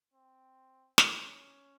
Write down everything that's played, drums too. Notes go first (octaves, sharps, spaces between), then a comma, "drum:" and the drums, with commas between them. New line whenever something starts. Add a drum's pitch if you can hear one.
C4
C#4, drum: snare